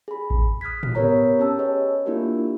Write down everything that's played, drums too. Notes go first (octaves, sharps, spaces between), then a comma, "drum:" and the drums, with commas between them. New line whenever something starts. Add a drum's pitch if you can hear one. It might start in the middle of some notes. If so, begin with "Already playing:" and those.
G#4 B5
drum: kick A1
D#6 F6 F#6 G#6 B6
drum: tom
B3 G4 A#4 B4 C#5 A#5
C#4 G4 G5 A5 E6
G#4 B4 C#5 D#5
A#3 D4 E4 F4 G4 A#4